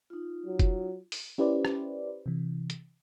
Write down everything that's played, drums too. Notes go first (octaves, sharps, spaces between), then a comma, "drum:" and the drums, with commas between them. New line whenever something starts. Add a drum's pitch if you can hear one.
D#4 F4
F#3
drum: kick, hi-hat
drum: open hi-hat
C#4 E4 G4 B4 C5 D5
drum: rim click
C3 E3
drum: hi-hat